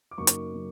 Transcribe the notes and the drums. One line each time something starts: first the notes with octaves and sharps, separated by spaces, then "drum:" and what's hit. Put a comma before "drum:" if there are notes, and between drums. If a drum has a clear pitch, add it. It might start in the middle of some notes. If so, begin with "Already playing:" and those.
D6
F#2 C#3 F#3 A#3 D#4 C#6
drum: hi-hat
C#3 F#3